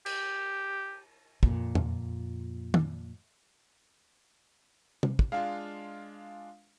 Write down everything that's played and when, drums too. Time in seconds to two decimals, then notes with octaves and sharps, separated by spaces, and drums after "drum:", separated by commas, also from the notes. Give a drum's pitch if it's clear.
0.06 G4, drum: cymbal
1.43 F2 A#2, drum: kick
1.75 drum: tom E2
2.74 drum: tom D#3
5.03 drum: tom
5.19 drum: kick
5.32 G#3 D4 F4 F5